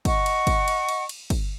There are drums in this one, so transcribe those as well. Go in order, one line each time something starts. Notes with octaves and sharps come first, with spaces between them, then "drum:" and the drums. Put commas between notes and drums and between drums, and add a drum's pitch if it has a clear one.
D#5 F#5 C#6, drum: kick, cymbal
drum: cymbal
drum: kick, cymbal
drum: cymbal
drum: cymbal
drum: cymbal
drum: kick, cymbal